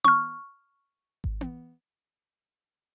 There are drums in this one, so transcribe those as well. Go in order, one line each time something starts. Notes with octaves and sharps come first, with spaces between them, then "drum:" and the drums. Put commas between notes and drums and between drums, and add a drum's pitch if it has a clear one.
C#6 F6, drum: tom B3
drum: kick G#1
drum: tom B3